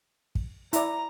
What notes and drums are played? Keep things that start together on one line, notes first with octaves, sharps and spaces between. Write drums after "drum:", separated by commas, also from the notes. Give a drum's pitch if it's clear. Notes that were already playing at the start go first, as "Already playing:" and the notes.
drum: kick
E4 D5 A#5, drum: hi-hat